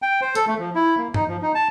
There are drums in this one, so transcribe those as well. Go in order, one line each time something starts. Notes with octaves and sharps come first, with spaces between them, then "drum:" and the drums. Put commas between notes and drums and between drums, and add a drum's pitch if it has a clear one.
G5
C5
A4, drum: hi-hat
A3
F3
E4
A#3
D#4, drum: tom G2
F3
D#4
A5